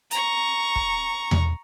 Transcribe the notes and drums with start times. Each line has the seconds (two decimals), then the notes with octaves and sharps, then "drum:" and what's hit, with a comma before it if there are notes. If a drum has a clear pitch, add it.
0.11 A#5 C#6, drum: hi-hat
0.76 drum: kick
1.31 drum: tom E2